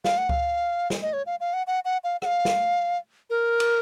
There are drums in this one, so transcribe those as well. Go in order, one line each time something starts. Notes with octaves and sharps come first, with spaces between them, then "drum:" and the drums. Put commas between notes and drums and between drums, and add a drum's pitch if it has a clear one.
F5, drum: snare
F#5
F5, drum: kick C#2
drum: snare
D#5
C#5
F5
F5
F#5
F#5
F#5
F5
F#5, drum: rim click
F5
drum: snare
A#4
drum: cymbal